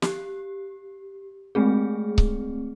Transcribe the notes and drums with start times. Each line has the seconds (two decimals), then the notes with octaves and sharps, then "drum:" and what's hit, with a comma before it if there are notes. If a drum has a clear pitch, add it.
0.02 G4, drum: snare
1.55 G#3 A3 C4 G#4
2.18 drum: kick C#1